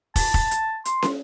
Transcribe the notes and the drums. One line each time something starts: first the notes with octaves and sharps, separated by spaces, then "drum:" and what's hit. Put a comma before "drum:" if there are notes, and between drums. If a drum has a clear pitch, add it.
A5, drum: kick, open hi-hat
drum: kick
drum: hi-hat
C6, drum: hi-hat
drum: snare